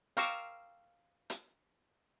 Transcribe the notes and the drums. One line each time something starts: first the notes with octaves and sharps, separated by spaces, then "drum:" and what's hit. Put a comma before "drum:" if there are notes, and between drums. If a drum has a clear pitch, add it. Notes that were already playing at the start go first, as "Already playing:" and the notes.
F5 G5 A#5 C#6 D6 E6, drum: hi-hat
drum: hi-hat